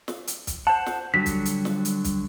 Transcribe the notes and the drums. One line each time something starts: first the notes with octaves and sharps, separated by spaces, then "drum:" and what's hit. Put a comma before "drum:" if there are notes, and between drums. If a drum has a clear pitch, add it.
drum: snare
drum: hi-hat
drum: kick, hi-hat
C5 F#5 A5
drum: snare
D3 F#3 G3 B6
drum: kick, hi-hat
drum: hi-hat
drum: snare
drum: hi-hat
drum: kick, hi-hat